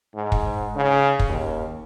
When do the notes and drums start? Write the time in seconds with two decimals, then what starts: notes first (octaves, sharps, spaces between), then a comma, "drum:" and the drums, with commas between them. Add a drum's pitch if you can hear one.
0.15 G#2
0.32 drum: kick
0.76 C#3
1.19 drum: kick
1.29 D#2